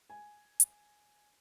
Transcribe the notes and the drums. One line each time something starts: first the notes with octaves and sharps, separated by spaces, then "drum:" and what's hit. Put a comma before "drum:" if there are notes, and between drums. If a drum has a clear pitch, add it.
G#5
drum: hi-hat